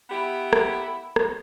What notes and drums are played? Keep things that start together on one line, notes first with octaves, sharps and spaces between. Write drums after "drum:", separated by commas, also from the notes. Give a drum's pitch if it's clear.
B3 E4 G4
drum: rim click
drum: rim click